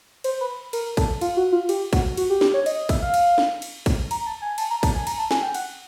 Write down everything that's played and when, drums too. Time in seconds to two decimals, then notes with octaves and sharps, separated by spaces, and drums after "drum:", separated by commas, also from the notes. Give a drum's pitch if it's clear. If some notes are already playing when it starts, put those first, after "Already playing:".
0.24 C5, drum: cymbal
0.41 B4
0.73 A#4, drum: cymbal
0.97 A4, drum: kick, cymbal
1.21 F4, drum: cymbal
1.37 F#4
1.52 F4
1.69 G4, drum: cymbal
1.93 F#4, drum: kick, cymbal
2.17 F#4, drum: cymbal
2.30 G4
2.41 G4, drum: snare
2.54 C#5
2.66 D#5, drum: cymbal
2.77 D#5
2.89 E5, drum: kick, cymbal
3.02 F5
3.14 drum: cymbal
3.38 drum: snare
3.62 drum: cymbal
3.86 drum: kick, cymbal
4.11 A#5, drum: cymbal
4.26 A5
4.42 G#5
4.58 A5, drum: cymbal
4.71 A#5
4.83 A5, drum: kick, cymbal
4.95 G#5
5.07 A#5, drum: cymbal
5.19 A5
5.31 G#5, drum: snare
5.42 G5
5.54 F#5, drum: cymbal